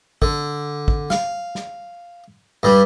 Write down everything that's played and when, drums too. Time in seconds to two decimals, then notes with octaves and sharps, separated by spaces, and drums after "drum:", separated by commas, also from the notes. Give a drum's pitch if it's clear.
0.22 D3, drum: kick
0.88 drum: kick
1.10 F5, drum: snare
1.55 drum: snare
2.63 G2 G3